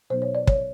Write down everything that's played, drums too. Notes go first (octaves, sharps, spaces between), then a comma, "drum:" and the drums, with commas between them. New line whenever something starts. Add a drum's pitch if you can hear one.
B2 F#3 B3 D#4 C5
C#5
D5
C#5, drum: kick